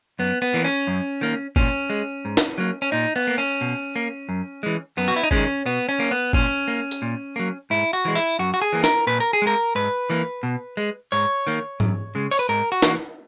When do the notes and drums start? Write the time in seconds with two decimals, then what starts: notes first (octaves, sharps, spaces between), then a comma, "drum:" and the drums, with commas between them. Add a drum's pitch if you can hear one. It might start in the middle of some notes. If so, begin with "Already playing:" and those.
0.19 F#2 B3
0.42 B3
0.54 E3 A#3
0.64 C#4
0.87 F#2
1.21 D#3 A#3
1.56 A#2 C#4, drum: kick G1
1.90 G#3
2.25 G#2
2.37 drum: snare
2.58 F#3 A#3
2.82 C#4
2.92 A#2 D#4
3.16 B3, drum: cymbal
3.27 A#3
3.38 C#4
3.61 B2
3.96 A#3
4.29 F#2
4.63 E3 G#3
4.97 F#2 B3
5.08 F#4
5.16 E4
5.23 D#4
5.31 D#3 G#3 C#4, drum: kick G1
5.66 B2 B3
5.89 C#4
6.00 A#3
6.11 B3
6.33 A#2 C#4, drum: kick G1
6.68 A#3
6.91 drum: hi-hat
7.02 A#2
7.36 F#3 A#3
7.70 G#2 E4
7.93 F#4
8.05 E3 G#3
8.15 E4, drum: hi-hat
8.39 F#2 F#4
8.54 F#4
8.62 G#4
8.73 E3 A#3
8.84 A#4, drum: snare
9.07 A#2 B4
9.20 A#4
9.33 G#4
9.42 G#3, drum: tambourine
9.47 A#4
9.75 G#2 B4
10.10 E3 A#3
10.43 B2
10.77 G#3
11.12 G#2 C#5
11.47 D#3 A#3
11.80 F#2, drum: tom G#2
12.15 C#3 G#3
12.31 C#5, drum: open hi-hat
12.39 B4
12.49 G#2 A#4
12.72 F#4
12.82 E3 A#3, drum: snare